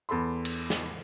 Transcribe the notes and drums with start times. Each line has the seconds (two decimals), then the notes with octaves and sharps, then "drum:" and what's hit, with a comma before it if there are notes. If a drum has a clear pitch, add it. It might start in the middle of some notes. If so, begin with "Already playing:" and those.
0.09 E2 A4 B5 C6
0.45 drum: cymbal
0.70 drum: snare